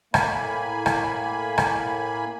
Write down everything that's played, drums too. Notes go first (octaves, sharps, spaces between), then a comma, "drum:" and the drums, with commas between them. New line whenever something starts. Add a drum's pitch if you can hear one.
A2 A#3 G#5 B5, drum: rim click
drum: rim click
drum: rim click